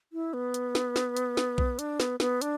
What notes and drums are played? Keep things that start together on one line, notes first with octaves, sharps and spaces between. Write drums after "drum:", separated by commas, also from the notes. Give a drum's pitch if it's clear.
E4
B3
drum: hi-hat
drum: snare
drum: snare
drum: hi-hat
drum: snare
drum: kick B1
D4, drum: hi-hat
B3, drum: snare
B3, drum: snare
D4, drum: hi-hat